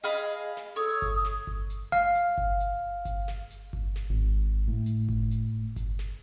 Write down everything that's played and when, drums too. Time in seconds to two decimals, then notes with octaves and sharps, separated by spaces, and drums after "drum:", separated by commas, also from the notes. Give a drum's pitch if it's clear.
0.04 G#4 D#5 F5 B5
0.57 drum: snare
0.76 A4 C#5 D#6
1.02 drum: kick G1
1.25 drum: snare
1.47 drum: kick G1
1.70 drum: hi-hat
1.92 F5
2.15 drum: hi-hat
2.38 drum: kick G1
2.60 drum: hi-hat
3.05 drum: kick G1, hi-hat
3.28 drum: snare
3.50 drum: hi-hat
3.73 drum: kick G1
3.96 drum: snare
4.10 G#1
4.68 A2
4.86 drum: hi-hat
5.09 drum: kick G1
5.31 drum: hi-hat
5.76 drum: kick G1, hi-hat
5.99 drum: snare